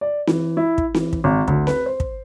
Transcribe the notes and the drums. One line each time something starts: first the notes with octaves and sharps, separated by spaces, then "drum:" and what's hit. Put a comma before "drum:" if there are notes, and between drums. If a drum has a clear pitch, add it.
D5
E3, drum: snare C4
E4
drum: kick
E3, drum: snare C4
drum: kick
G#1
D2, drum: kick
B4, drum: snare C4
C5
drum: kick